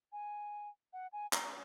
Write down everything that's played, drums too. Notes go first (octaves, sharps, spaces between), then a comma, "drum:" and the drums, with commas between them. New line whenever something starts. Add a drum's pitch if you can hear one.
G#5
F#5
G#5
A#5, drum: clap